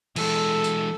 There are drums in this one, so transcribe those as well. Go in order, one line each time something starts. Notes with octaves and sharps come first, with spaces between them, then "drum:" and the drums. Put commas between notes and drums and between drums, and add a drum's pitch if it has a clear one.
E3 G#3 A4, drum: cymbal
drum: tambourine